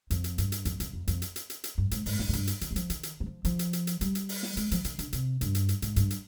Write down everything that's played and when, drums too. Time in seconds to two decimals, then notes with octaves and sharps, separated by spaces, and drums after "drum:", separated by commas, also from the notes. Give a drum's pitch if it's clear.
0.10 F2, drum: hi-hat
0.24 drum: hi-hat
0.38 G2, drum: hi-hat
0.52 drum: hi-hat
0.65 F2, drum: hi-hat
0.80 F2, drum: hi-hat
0.93 F2
1.07 F2, drum: hi-hat
1.22 drum: hi-hat
1.36 drum: hi-hat
1.50 drum: hi-hat
1.64 drum: hi-hat
1.78 G2
1.91 G#2, drum: hi-hat
2.06 G#2, drum: open hi-hat
2.19 G2, drum: snare
2.29 G#2
2.33 G2, drum: hi-hat
2.47 drum: hi-hat
2.61 D#3, drum: hi-hat
2.71 G3
2.76 F3, drum: hi-hat
2.90 D#3, drum: hi-hat
3.03 drum: hi-hat
3.20 G3
3.26 F3
3.45 F3, drum: hi-hat
3.59 drum: hi-hat
3.73 drum: hi-hat
3.87 drum: hi-hat
4.01 G3, drum: hi-hat
4.15 drum: hi-hat
4.29 drum: open hi-hat
4.43 drum: snare
4.57 G#3, drum: hi-hat
4.71 F3, drum: hi-hat
4.84 D#3, drum: hi-hat
4.99 D3, drum: hi-hat
5.13 C3, drum: hi-hat
5.41 G2, drum: hi-hat
5.55 drum: hi-hat
5.69 drum: hi-hat
5.82 G#2, drum: hi-hat
5.96 G2, drum: hi-hat
6.10 drum: hi-hat